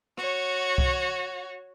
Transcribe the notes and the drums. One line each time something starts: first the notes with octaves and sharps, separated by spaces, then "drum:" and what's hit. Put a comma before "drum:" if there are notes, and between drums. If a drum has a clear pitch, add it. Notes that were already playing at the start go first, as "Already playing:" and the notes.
F#4 C#5, drum: rim click
drum: kick C2